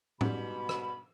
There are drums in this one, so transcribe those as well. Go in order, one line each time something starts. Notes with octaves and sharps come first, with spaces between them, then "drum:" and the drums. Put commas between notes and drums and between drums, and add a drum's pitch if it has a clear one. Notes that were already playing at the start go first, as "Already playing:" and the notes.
G#2 B2 G3 B5, drum: tom A2
drum: rim click